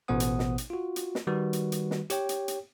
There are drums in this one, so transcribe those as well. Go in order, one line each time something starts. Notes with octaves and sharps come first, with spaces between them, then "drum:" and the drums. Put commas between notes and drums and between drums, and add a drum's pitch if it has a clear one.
A1 B2 B3 C5 F#5 D#6
drum: hi-hat
drum: snare
drum: hi-hat
F4 F#4
drum: hi-hat
drum: snare
D#3 G3 F#4 B4
drum: hi-hat
drum: hi-hat
drum: snare
G4 C#5 G5, drum: hi-hat
drum: hi-hat
drum: hi-hat